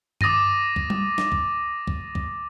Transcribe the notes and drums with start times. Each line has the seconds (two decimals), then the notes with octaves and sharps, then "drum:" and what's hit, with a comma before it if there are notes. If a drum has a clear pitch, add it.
0.21 D6 D#6 A6 A#6 D#7, drum: tom G2
0.76 drum: kick
0.90 drum: tom G3
1.18 drum: snare
1.32 drum: kick
1.87 drum: kick
2.15 drum: kick